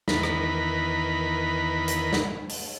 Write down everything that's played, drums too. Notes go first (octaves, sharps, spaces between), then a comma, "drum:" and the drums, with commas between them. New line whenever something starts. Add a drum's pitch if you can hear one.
E2 D#3 A#4 B4 B5, drum: snare
drum: rim click
drum: hi-hat
drum: snare
drum: open hi-hat